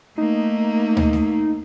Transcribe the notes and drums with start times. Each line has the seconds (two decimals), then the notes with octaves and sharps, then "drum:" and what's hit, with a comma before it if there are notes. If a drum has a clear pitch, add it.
0.18 A3 A#3 D#4
0.97 drum: tom D2
1.13 drum: snare A3